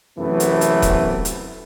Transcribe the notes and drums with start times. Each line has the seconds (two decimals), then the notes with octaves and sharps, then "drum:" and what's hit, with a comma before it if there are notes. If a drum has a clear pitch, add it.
0.19 F#2 C3 E3 A3 B3 F#4
0.40 drum: hi-hat
0.61 drum: hi-hat
0.82 drum: kick D#1, hi-hat
1.25 drum: hi-hat